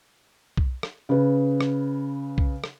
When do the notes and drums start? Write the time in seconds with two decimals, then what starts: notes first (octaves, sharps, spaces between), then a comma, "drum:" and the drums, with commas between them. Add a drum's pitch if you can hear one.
0.57 drum: kick B1
0.83 drum: rim click
1.09 C#3 B4
1.61 drum: rim click
2.38 drum: kick B1
2.64 drum: rim click